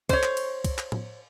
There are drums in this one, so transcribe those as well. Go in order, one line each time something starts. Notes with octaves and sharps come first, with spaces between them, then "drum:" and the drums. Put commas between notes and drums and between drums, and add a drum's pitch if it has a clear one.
C5 C#5, drum: kick C2, cymbal
drum: clap
drum: cymbal
drum: kick C2, cymbal
drum: clap
drum: tom A2